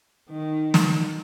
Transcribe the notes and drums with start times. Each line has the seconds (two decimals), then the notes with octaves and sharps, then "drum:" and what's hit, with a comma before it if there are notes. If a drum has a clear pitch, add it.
0.30 D#3
0.74 drum: snare